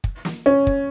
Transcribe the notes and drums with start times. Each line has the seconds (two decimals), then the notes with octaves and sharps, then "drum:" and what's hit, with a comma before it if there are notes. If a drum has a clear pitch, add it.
0.04 drum: kick
0.25 drum: snare
0.46 C#4
0.67 drum: kick